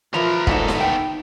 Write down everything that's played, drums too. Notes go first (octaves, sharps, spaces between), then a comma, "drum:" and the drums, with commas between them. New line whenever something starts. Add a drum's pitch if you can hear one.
E3 F3 F4 A#4 B4 A#5
D2 G#2 F#3 A#3 B3 D#4 A4, drum: kick
drum: snare D#4
D#4 G5